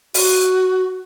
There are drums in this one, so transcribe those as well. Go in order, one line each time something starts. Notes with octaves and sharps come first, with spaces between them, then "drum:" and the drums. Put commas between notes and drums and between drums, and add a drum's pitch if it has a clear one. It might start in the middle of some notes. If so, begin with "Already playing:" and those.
F#4, drum: open hi-hat